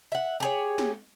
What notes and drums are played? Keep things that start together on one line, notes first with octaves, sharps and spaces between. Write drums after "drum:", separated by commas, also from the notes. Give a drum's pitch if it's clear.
E5 F#5
G4 G#4 C#5
drum: snare